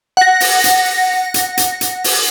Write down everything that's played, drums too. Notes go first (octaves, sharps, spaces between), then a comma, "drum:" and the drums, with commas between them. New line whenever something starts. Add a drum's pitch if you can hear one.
F#5 A#6
drum: open hi-hat
drum: hi-hat
drum: hi-hat
drum: hi-hat
drum: hi-hat
drum: open hi-hat